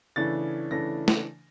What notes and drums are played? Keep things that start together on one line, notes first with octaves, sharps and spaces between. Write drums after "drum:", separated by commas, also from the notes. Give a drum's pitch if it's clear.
C#3 E3 A3 D4 A6
C#3 E3 A3 D4 A#6
drum: snare